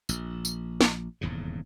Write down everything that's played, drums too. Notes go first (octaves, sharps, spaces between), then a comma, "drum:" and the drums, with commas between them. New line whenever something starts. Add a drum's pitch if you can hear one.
A#1, drum: tambourine
drum: tambourine
drum: snare
D#1 E2 G#2 C#3